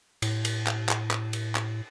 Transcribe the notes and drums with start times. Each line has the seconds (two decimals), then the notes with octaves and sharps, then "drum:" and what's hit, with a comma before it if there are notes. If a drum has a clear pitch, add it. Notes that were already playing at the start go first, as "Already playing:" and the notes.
0.22 A2, drum: cymbal
0.45 drum: cymbal
0.67 drum: clap
0.89 drum: clap
1.11 drum: clap
1.33 drum: cymbal
1.55 drum: clap